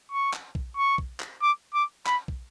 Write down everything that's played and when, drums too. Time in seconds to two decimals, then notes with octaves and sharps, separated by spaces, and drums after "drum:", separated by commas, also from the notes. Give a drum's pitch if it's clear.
0.12 C#6
0.33 drum: clap
0.55 drum: kick
0.77 C#6
0.98 drum: kick
1.20 drum: clap
1.42 D6
1.74 D6
2.06 B5, drum: clap
2.28 drum: kick